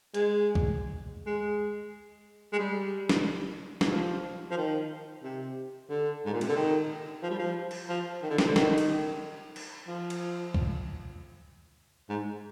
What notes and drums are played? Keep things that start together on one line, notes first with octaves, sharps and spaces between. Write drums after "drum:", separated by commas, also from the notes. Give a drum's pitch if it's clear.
G#3, drum: hi-hat
drum: kick C2
G#3
G#3
G3
drum: snare
G3, drum: snare
F3
F3
D#3
C3
D3
G#2
A#2
C3, drum: cymbal
D3
D#3
F3
G3
F3
drum: cymbal
F3
D#3
D3
C3, drum: snare
D3
D#3, drum: snare
drum: cymbal
drum: cymbal
F3
drum: cymbal
drum: kick C2
G#2